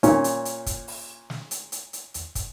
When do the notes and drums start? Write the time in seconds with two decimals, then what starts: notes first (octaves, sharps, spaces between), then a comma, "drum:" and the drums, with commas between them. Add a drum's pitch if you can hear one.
0.03 A#2 C#4, drum: hi-hat
0.24 drum: hi-hat
0.45 drum: hi-hat
0.66 drum: kick, hi-hat
0.88 drum: open hi-hat
1.30 drum: snare
1.51 drum: hi-hat
1.72 drum: hi-hat
1.93 drum: hi-hat
2.14 drum: hi-hat
2.35 drum: kick, hi-hat